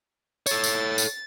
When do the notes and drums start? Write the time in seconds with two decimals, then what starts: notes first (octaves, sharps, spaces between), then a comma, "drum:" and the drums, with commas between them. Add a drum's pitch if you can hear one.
0.46 A4 C#5 A6, drum: tambourine
0.64 drum: tambourine
0.98 drum: tambourine